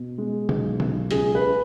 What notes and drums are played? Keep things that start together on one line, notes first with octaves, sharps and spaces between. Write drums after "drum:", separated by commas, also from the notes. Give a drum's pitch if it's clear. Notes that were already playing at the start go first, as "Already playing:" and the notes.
Already playing: B2
G#3
B1, drum: tom C3
B1, drum: tom C3
C#2 G#4, drum: hi-hat
B4